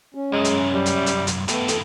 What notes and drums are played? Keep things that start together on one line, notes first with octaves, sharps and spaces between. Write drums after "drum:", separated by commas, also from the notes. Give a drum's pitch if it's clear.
C#4
C2 F#2 G#3
drum: hi-hat
G3
drum: hi-hat
drum: hi-hat
drum: hi-hat
G2 D#3 A3 B3, drum: hi-hat
F2 A4, drum: hi-hat